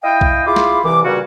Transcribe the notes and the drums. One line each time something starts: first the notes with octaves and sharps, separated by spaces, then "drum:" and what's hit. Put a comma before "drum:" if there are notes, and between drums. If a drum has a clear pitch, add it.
E4 D#5 F5 G5
drum: kick B1
E4 F4 G#4 B5 C6 D6
drum: snare
C2 E3 D6
G2 A#2 C#3 G3 C#4 F#4